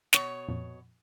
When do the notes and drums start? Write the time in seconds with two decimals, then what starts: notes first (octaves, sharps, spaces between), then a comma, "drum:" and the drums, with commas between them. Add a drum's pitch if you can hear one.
0.13 B2 C#5, drum: snare
0.48 F2 A#2